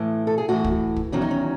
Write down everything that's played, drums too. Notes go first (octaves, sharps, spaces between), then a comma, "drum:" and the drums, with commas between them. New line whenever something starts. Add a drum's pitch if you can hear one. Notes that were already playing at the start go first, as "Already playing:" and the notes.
Already playing: A2 E3
A4
G#4
A2 E3 F#4
drum: kick
drum: kick
E2 D#3 F#3 C#4
D#4
C#4